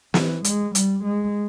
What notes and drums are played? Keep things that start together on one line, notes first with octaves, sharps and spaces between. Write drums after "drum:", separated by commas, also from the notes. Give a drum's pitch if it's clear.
E3, drum: snare
G#3, drum: hi-hat
G3, drum: hi-hat
G#3